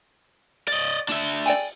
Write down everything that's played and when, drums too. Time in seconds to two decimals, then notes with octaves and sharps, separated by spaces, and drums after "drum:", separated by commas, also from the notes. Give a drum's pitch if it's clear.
0.68 D5 D#5
1.08 D4 E5, drum: snare
1.46 D5 G5 G#5, drum: open hi-hat